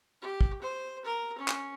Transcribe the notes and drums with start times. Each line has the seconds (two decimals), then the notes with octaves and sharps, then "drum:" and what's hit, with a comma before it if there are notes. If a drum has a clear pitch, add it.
0.21 G4
0.41 drum: kick
0.61 C5
1.05 A#4
1.38 C#4
1.48 drum: clap